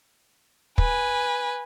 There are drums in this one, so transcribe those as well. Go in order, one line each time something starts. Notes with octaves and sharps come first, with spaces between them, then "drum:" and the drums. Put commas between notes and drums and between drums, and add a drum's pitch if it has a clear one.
B4 G#5, drum: kick